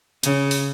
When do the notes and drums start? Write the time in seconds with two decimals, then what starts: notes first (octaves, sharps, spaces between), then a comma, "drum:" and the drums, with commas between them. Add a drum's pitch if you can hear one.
0.23 C#3, drum: hi-hat
0.51 drum: open hi-hat